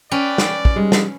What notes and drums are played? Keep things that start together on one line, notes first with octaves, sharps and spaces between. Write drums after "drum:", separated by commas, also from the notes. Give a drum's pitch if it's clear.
C#4 B4 D5 G5
drum: snare
drum: kick
G3 G#3 D#4
drum: snare